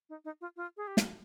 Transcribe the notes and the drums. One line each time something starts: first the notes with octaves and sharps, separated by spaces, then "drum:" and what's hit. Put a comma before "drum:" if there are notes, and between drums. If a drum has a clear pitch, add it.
D#4
D#4
F4
F4
G#4
G4
drum: snare